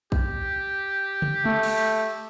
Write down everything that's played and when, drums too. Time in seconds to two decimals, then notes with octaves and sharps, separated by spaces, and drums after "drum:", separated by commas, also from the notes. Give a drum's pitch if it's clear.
0.12 G4, drum: kick
1.22 drum: tom C#3
1.45 A3, drum: tom
1.63 drum: cymbal